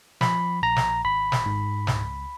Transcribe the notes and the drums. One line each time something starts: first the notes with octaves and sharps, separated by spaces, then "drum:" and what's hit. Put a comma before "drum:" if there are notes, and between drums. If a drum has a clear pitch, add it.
F3 B5, drum: snare
A#1 A#5
drum: snare
G#1 B5
drum: snare
G#2
C#2, drum: snare